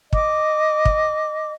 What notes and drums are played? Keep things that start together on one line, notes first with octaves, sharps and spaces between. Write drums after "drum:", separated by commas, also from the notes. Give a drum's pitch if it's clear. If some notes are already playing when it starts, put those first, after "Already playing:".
D#5 D6, drum: kick
drum: kick